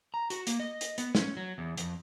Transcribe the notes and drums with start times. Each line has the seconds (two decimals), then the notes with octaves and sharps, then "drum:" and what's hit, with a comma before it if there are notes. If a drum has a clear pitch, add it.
0.14 A#5
0.30 F#4, drum: hi-hat
0.47 A#3, drum: hi-hat
0.60 D#5
0.81 drum: hi-hat
0.98 B3, drum: hi-hat
1.15 C#4, drum: snare
1.37 F#3
1.58 E2
1.78 F2, drum: hi-hat